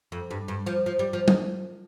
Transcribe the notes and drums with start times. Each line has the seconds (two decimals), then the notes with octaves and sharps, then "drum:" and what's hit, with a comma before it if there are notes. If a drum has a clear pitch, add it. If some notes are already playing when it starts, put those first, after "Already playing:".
0.12 F2
0.31 G2
0.48 G2
0.66 F3
0.86 F3
0.99 G3
1.13 F3
1.28 D#3, drum: tom F#3